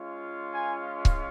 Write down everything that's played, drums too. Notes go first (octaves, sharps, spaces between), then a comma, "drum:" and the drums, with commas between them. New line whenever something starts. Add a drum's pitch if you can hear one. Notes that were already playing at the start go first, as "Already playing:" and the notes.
Already playing: G#3 C#4 F4
G#5
drum: kick C#1